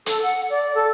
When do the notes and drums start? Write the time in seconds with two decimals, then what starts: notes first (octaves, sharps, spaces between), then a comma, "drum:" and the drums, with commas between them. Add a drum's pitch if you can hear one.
0.06 A4, drum: hi-hat
0.22 F#5
0.49 D5
0.74 A4